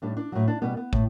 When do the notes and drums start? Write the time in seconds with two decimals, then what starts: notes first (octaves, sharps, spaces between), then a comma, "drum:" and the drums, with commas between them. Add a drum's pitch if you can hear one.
0.02 A2 G3 D4
0.17 D4
0.32 A2 F#3
0.48 D4
0.62 B2 G3 B3
0.77 B3
0.93 A2, drum: kick